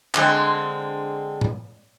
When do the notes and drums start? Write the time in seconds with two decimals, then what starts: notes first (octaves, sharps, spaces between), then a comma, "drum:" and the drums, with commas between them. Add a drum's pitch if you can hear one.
0.15 D3 G#3 C4, drum: clap
1.41 drum: tom A2